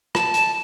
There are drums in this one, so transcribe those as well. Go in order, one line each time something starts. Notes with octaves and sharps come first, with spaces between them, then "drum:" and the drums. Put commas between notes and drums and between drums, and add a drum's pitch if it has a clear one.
A5, drum: rim click
drum: hi-hat